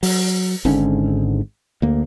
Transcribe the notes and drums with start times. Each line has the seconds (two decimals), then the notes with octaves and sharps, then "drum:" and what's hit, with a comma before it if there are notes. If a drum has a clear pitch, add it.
0.03 F#3, drum: open hi-hat
0.65 G#1 G#2 D3 C#4
1.82 D2 A#3